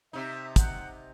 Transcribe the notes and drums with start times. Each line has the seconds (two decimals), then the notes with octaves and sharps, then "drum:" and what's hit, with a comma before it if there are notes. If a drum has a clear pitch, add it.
0.13 C3 D#4 E5
0.56 F#5, drum: kick, hi-hat